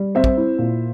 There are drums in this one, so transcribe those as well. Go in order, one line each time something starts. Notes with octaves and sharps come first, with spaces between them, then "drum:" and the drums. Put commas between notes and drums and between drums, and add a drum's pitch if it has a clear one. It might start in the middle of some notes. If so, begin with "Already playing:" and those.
Already playing: G3
C4 C5 E5
drum: kick
E4
A#2